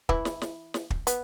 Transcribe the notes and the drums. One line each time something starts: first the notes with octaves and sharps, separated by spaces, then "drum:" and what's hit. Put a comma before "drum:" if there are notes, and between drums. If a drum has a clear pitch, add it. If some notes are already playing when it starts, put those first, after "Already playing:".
E3 E4, drum: kick
drum: snare
drum: snare
drum: snare
drum: kick
B3, drum: hi-hat